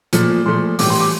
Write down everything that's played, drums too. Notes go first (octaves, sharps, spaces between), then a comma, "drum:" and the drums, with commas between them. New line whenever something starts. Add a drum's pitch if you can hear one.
A#2 F3 A3, drum: hi-hat
A#2 F3 A3 C6
A2 E3 G3 D6, drum: open hi-hat
C6
D6